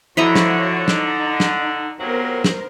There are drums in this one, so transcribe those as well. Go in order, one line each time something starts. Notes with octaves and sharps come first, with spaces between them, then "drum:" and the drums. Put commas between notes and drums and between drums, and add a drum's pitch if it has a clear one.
D3 F3 E4 F#4 C#5 D#5 A#5
drum: snare
D#4, drum: snare
drum: snare
F2 C3 F#3 B3 A#4 C5
drum: snare